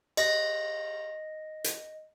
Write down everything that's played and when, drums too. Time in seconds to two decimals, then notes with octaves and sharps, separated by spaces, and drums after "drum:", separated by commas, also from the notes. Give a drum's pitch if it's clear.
0.17 D#5 A#6, drum: cymbal
1.64 drum: hi-hat